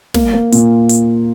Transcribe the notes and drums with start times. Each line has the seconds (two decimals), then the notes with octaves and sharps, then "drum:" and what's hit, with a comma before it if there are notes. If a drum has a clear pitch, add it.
0.14 A#3, drum: snare
0.33 A#3
0.52 A#2, drum: hi-hat
0.89 drum: hi-hat